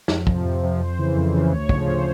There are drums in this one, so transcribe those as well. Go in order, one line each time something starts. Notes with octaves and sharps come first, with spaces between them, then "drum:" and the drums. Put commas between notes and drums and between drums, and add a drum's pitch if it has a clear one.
F2, drum: snare
C3 F3, drum: kick
F2
C3 F3
F2 C5
C#3 E3
F2
C#3 E3
D2 C#5
C#3 F3, drum: kick
D2 C5